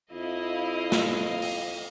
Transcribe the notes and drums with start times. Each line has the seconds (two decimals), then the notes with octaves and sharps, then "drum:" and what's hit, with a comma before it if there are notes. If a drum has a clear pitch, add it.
0.12 F2 E4 D#5 F5
0.92 drum: snare
1.42 drum: open hi-hat